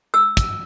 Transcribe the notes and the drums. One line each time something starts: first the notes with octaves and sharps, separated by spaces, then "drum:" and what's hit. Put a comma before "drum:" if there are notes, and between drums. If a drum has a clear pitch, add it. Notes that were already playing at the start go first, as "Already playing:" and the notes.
E6
drum: kick, hi-hat